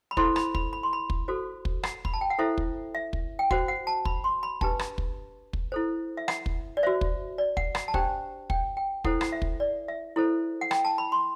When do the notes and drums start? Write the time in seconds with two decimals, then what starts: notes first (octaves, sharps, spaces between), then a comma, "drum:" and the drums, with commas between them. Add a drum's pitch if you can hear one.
0.11 B5
0.17 E4 A4 C5 C6, drum: kick
0.36 B5, drum: rim click
0.55 B5, drum: kick
0.73 B5
0.83 C6
0.93 B5
1.10 drum: kick
1.28 F#4 A4 C5
1.65 drum: kick
1.83 F#5, drum: rim click
2.05 B5, drum: kick
2.13 A5
2.21 G5
2.30 F#5
2.39 E4 A4 C5 E5
2.58 drum: kick
2.95 E5
3.13 drum: kick
3.39 G5
3.51 F#4 C5 F#5, drum: kick
3.68 F#5
3.87 A5
4.05 B5, drum: kick
4.24 C6
4.43 B5
4.61 D4 G4 B4 A5, drum: kick
4.79 drum: rim click
4.98 drum: kick
5.53 drum: kick
5.72 E4 A4 C5
6.17 E5
6.28 F#5, drum: rim click
6.46 drum: kick
6.77 D5
6.83 F#4 C5 E5
7.01 drum: kick
7.38 D5
7.57 F#5, drum: kick
7.75 F#5, drum: rim click
7.88 A5
7.94 D4 G4 C5 G5, drum: kick
8.50 G5, drum: kick
8.77 G5
9.04 E4 A4 C5 F#5, drum: kick
9.21 F#5, drum: rim click
9.32 E5
9.42 drum: kick
9.60 D5
9.88 E5
10.16 E4 A4 C5
10.61 F#5
10.71 G5, drum: rim click
10.85 A5
10.98 B5
11.12 C6